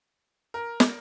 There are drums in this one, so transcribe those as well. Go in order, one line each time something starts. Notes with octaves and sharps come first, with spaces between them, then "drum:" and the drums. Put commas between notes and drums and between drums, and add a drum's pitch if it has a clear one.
A#4
drum: snare